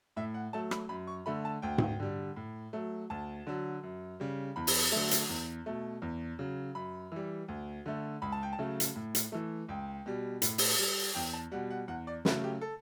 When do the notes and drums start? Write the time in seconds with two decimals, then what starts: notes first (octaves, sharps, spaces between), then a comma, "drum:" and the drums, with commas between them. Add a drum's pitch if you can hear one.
0.17 A2 E5
0.34 F#5
0.53 F#3 A3 A5
0.71 B5, drum: rim click
0.89 F#2 B5
1.07 C#6
1.26 D3 A3 B5
1.45 A5
1.62 D2 G5
1.78 drum: tom G#2
2.00 D3 G3
2.36 A2
2.73 F#3 A3
3.10 D2 A5
3.47 D3 F#3
3.83 F#2
4.20 C#3 G3
4.56 E2 B5
4.67 drum: open hi-hat
4.92 D3 F#3 A3
5.11 drum: hi-hat
5.29 E2
5.66 B2 A3
6.02 E2
6.39 C#3 F#3
6.75 F#2 B5
7.12 E3 G3
7.48 D2
7.86 D3 A3
8.22 C#2 B5
8.32 A5
8.43 G5
8.53 A5
8.59 C#3 F#3 A3
8.80 drum: hi-hat
8.95 A2
9.15 drum: hi-hat
9.32 E3 A3
9.68 C#2 G5
10.06 B2 G3
10.42 A2, drum: hi-hat
10.58 drum: open hi-hat
10.79 G3
11.15 E2 G5
11.33 A5
11.52 B2 G3 F#5
11.71 F#5
11.88 E2 F#5
12.07 D5
12.25 C#3 F#3 A3 B4, drum: snare
12.44 G4
12.61 A4